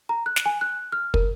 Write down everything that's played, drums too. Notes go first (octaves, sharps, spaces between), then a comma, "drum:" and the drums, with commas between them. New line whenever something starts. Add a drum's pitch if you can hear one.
A#5
F#6
drum: snare
G#5
F#6
F6
A#4, drum: kick